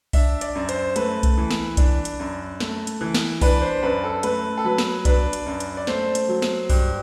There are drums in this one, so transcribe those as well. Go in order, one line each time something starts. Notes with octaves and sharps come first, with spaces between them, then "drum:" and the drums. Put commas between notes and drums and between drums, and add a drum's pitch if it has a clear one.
D4 E5, drum: kick B1, open hi-hat
D5, drum: hi-hat
F#2
C5, drum: hi-hat
A3 B4, drum: hi-hat
drum: kick B1, hi-hat
E3
drum: snare
D4, drum: kick B1, hi-hat
drum: hi-hat
F#2
A3, drum: snare
drum: hi-hat
E3
drum: snare
D4 B4, drum: kick B1, open hi-hat
C5
F#2 B4
A4
A3 B4, drum: hi-hat
A4
F#3 B4
drum: snare
D4 B4, drum: kick B1, hi-hat
drum: hi-hat
F#2
drum: hi-hat
D5
A3 C5, drum: snare
drum: hi-hat
F#3
drum: snare
G2, drum: kick B1, open hi-hat